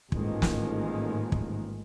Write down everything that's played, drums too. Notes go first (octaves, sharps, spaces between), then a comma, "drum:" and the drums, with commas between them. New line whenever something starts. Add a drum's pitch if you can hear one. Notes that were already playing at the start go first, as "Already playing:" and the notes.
A1 G#2 D#3 F3 G#3 A#3, drum: kick
drum: snare
drum: kick